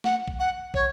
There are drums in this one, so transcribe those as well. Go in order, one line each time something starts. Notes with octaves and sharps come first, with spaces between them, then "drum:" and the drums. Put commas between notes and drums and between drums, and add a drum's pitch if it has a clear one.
F#5, drum: snare
drum: kick
F#5
C#5, drum: kick